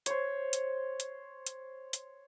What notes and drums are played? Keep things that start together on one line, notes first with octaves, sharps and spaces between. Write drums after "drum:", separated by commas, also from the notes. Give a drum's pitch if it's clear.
C5 C#5, drum: hi-hat
drum: hi-hat
drum: hi-hat
drum: hi-hat
drum: hi-hat